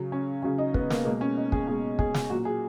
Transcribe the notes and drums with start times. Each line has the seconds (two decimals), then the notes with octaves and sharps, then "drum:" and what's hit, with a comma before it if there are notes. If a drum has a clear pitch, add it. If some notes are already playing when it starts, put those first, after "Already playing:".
Already playing: C#3 F#3
0.12 C#4
0.43 C#3 F#3 C#4
0.58 D#4
0.74 B3, drum: kick
0.90 A#3, drum: snare
1.05 B2 G#3 A#3
1.21 C#4
1.37 D#4
1.52 G#4, drum: kick
1.67 B2 G#3 G#4
1.99 G#4, drum: kick
2.14 drum: snare
2.30 A#2 F#3 F#4
2.45 G#4